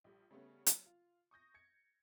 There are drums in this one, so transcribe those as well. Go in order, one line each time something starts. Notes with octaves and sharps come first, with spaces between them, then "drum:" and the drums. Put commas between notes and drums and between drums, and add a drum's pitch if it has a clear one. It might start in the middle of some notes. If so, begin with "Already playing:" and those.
A#1 G3
C#3 G3 A3 B3 C#4
F#3, drum: hi-hat
F4
C#6 D#6 G6 A#6
G#6 C#7